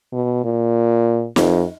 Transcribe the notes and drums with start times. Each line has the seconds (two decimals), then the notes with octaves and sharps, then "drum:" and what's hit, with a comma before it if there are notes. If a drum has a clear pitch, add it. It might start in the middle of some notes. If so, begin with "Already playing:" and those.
0.13 B2
0.44 A#2
1.36 F2, drum: snare